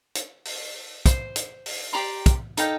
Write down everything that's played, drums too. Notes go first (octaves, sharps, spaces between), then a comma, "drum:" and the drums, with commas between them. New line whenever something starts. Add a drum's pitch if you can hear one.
drum: hi-hat
drum: open hi-hat
C5, drum: kick, hi-hat
drum: hi-hat
drum: open hi-hat
G4 D5 A#5 C6
drum: kick, hi-hat
D#4 A4 F5 G5, drum: hi-hat